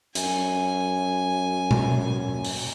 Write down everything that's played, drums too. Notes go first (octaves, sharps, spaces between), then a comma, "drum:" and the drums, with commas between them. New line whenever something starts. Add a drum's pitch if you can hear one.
F#2 G#5, drum: hi-hat
drum: tom B2
drum: open hi-hat